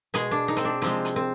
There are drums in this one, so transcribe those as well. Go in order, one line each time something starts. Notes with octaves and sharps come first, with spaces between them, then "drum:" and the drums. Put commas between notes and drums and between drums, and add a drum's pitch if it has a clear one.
B2 G#3 G#4, drum: hi-hat
D4
D#4
C4, drum: hi-hat
D4
C3 F3 G#3 C4, drum: hi-hat
drum: hi-hat
C4